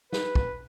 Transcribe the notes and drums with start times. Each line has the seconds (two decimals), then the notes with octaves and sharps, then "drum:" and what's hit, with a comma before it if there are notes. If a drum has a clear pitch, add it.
0.13 B4, drum: snare
0.35 drum: kick